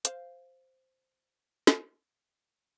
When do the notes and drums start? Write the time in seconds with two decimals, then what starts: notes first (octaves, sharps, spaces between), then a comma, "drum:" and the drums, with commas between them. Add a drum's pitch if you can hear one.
0.05 C5 F5, drum: hi-hat
1.67 drum: snare